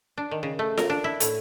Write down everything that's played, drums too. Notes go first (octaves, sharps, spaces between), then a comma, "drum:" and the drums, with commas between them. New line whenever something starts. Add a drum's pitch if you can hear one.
D4
D#3
C#3
A3
A#4, drum: snare F4
D4
E4
A2, drum: hi-hat